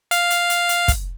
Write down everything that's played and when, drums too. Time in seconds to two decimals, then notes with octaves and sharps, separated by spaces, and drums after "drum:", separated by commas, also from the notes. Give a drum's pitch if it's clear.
0.11 F5, drum: hi-hat
0.30 drum: hi-hat
0.50 drum: hi-hat
0.69 drum: hi-hat
0.88 drum: kick, hi-hat